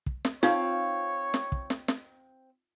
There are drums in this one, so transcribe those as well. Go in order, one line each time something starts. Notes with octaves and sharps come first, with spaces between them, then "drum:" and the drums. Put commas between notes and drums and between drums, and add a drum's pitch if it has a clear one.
drum: kick
drum: snare
C4 D#4 F4 C#5 F5, drum: snare
drum: snare
drum: kick
drum: snare
drum: snare